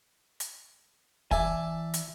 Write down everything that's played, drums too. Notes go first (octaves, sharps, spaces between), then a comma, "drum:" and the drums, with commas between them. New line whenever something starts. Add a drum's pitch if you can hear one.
drum: hi-hat
E3 D5 E5 G#5 A5, drum: kick
drum: hi-hat